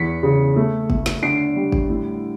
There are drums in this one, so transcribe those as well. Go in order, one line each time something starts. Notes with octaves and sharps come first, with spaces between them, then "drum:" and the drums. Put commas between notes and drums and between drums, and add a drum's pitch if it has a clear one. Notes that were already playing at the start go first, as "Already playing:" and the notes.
Already playing: E2 B6 C#7
C#3
A3
A3, drum: kick
drum: snare
D3 C7 D7
G3
drum: kick
A2